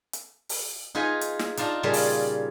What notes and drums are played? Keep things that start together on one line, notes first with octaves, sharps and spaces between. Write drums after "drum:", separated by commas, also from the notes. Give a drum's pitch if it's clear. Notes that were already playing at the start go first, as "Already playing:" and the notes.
drum: hi-hat
drum: open hi-hat
D#4 F4 G#4 B4 G#5
drum: hi-hat
drum: snare
D4 D#4 F4 A5 A#5, drum: hi-hat
A#2 C#3 G3 G#4 A5 B5
drum: open hi-hat